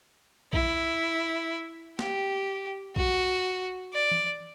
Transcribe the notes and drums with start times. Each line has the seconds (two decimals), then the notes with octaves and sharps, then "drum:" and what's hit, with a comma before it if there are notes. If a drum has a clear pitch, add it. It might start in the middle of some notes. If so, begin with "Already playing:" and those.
0.53 E4, drum: kick A#1
1.99 G4, drum: snare
2.96 F#4, drum: kick A#1
3.94 D5
4.11 drum: tom E3